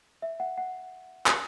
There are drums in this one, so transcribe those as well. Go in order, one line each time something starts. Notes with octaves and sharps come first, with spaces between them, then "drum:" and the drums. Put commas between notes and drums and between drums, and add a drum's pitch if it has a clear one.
E5
F#5
F#5
drum: clap